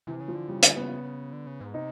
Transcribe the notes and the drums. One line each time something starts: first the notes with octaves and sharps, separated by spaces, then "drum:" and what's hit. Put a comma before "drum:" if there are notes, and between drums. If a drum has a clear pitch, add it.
C3 E3
C#3
F3
D3
C#3 G3
D3, drum: hi-hat
C#3 B3
D3
C#3
G#2
C3 D#4